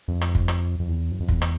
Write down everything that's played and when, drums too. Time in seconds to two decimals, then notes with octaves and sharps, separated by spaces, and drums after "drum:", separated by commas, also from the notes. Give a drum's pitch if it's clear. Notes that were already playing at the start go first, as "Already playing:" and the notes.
0.08 F2
0.21 drum: rim click
0.35 drum: kick
0.48 drum: rim click
0.80 F2
0.88 E2
1.11 F#2
1.20 F2
1.28 E2, drum: kick
1.42 drum: rim click